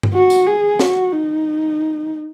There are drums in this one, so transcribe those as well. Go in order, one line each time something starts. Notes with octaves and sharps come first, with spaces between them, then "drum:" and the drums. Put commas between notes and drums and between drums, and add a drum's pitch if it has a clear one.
drum: tom G2
F#4
drum: tambourine
G#4
F#4, drum: snare
D#4